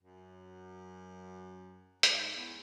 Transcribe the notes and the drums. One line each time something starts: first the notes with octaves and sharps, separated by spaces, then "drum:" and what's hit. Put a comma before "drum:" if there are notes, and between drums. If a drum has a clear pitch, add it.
F#2
G#2, drum: hi-hat
E2